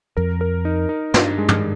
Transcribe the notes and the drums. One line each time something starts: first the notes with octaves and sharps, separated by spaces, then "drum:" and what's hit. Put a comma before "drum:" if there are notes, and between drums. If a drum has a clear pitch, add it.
F2 A#4
A#4
D#4
D#4
G2 D4, drum: snare
G#3
drum: tom